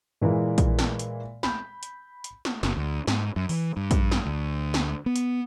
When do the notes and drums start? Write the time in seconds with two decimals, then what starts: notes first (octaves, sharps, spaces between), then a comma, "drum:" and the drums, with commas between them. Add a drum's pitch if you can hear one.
0.21 A#2 E3 G#3 A#3
0.58 drum: kick, hi-hat
0.79 drum: snare
0.99 drum: hi-hat
1.43 B5 G6, drum: snare
1.83 drum: hi-hat
2.24 drum: hi-hat
2.45 drum: snare
2.63 F#1, drum: snare
2.77 D2
3.07 G#2, drum: snare
3.36 F#2
3.49 E3, drum: open hi-hat
3.77 G2
3.91 drum: kick, hi-hat
4.12 drum: snare
4.26 D2
4.74 drum: snare
5.06 B3
5.16 drum: hi-hat